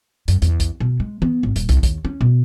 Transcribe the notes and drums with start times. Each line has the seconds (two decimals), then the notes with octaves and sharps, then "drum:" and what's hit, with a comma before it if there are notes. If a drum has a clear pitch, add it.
0.28 F#2, drum: hi-hat
0.42 E2, drum: hi-hat
0.60 drum: kick, hi-hat
0.80 B2
1.00 G#3
1.22 B3, drum: tom E3
1.43 G#1
1.56 D#1, drum: hi-hat
1.69 C2, drum: hi-hat
1.83 D#2, drum: kick, hi-hat
2.05 C#4
2.21 B2